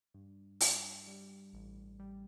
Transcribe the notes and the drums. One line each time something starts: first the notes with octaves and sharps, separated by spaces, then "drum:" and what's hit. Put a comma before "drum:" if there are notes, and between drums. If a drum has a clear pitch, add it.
G2
G2, drum: open hi-hat
G3
A1
G3